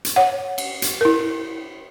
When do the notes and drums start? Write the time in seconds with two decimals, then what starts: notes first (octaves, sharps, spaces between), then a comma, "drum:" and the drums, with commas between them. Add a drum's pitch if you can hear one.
0.05 drum: hi-hat
0.16 C#5 F#5
0.58 drum: cymbal
0.82 drum: hi-hat
1.01 E4 A#4